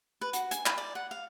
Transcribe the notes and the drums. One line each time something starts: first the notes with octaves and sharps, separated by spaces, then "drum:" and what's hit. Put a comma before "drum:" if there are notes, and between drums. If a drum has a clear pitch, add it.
B4
F#4, drum: hi-hat
G#5, drum: hi-hat
B5, drum: clap
D5
F#5
F5